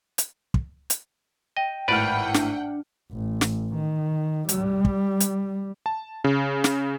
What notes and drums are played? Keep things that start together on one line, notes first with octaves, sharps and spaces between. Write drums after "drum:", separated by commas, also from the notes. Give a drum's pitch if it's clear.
drum: hi-hat
drum: kick
drum: hi-hat
D#5 G5
G#1 A2 B4 D5 F#5 G5 B5 F6
D4, drum: snare
A1
drum: snare
D#3
G3, drum: hi-hat
drum: kick
drum: hi-hat
A5
C#3
drum: snare